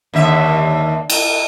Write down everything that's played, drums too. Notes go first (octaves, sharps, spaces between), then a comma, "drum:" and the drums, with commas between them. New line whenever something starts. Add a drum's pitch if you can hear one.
D#2 D3 E5
drum: cymbal